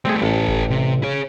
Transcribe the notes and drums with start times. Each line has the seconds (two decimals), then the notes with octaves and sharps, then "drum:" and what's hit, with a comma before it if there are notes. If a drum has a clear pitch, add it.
0.05 G3 A3 C4 G#4
0.22 A1 G4 A4
0.48 drum: kick G1
0.70 C3
1.03 G#4 C#5